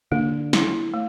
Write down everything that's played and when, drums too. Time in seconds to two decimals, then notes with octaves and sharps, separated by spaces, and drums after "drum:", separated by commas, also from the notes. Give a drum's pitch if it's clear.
0.12 D3 A#3
0.53 E4, drum: snare
0.94 A3